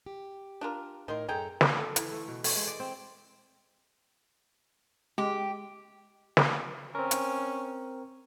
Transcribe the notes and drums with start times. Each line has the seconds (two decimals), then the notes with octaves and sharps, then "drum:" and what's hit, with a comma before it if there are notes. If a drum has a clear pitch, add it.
0.06 G4
0.61 D4 F4 A#4
1.08 A2 D#3 A#4 C6
1.29 F#2 G#4 A4 G5 A#5
1.61 drum: snare
1.77 A4
1.96 E3, drum: hi-hat
2.12 A3
2.28 B2
2.44 A3, drum: open hi-hat
2.55 G#3
2.67 D5
2.80 C4
5.18 G#3 G4
6.37 drum: snare
6.95 C4 C#4 A#4
7.11 drum: hi-hat